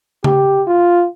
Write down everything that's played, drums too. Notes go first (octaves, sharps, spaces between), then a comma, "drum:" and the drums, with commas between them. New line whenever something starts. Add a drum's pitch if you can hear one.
G4, drum: tom C#3
F4